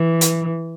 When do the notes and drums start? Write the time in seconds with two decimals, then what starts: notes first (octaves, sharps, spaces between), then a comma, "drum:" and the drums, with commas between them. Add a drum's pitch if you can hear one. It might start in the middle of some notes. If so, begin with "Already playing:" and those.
Already playing: E3
0.21 drum: hi-hat